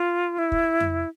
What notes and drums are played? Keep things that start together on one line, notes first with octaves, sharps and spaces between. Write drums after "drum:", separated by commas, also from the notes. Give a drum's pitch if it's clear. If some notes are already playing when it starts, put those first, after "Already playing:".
Already playing: F4
E4
drum: kick
drum: tom F2